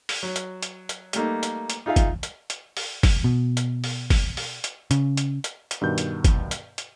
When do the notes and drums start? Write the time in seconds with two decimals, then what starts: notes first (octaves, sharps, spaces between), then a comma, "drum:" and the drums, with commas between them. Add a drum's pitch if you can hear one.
0.09 drum: open hi-hat
0.23 F#3
0.36 drum: hi-hat
0.63 drum: hi-hat
0.89 drum: hi-hat
1.13 G3 A3 A#3 D#4, drum: hi-hat
1.43 drum: hi-hat
1.70 drum: hi-hat
1.86 D#4 F4 G#4 E5 F5
1.96 drum: kick G1, hi-hat
2.23 drum: hi-hat
2.50 drum: hi-hat
2.77 drum: open hi-hat
3.03 drum: kick G1, open hi-hat
3.24 B2
3.57 drum: hi-hat
3.84 drum: open hi-hat
4.10 drum: kick G1, open hi-hat
4.37 drum: open hi-hat
4.64 drum: hi-hat
4.91 C#3, drum: hi-hat
5.17 drum: hi-hat
5.44 drum: hi-hat
5.71 drum: hi-hat
5.81 G2 B2 D#3 G6
5.98 drum: hi-hat
6.24 drum: kick G1, hi-hat
6.51 drum: hi-hat
6.78 drum: hi-hat